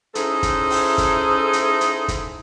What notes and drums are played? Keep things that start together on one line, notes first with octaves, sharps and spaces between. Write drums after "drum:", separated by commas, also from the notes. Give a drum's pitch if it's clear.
C#4 D#4 E4 G#4 A4 C5, drum: hi-hat
drum: kick, hi-hat
drum: open hi-hat
drum: kick, hi-hat
drum: hi-hat
drum: hi-hat
drum: kick, hi-hat